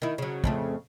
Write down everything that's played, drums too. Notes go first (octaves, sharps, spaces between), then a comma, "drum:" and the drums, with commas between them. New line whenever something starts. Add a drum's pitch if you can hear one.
D#3 E4
C#3 F#3
F2 C#3 A3, drum: kick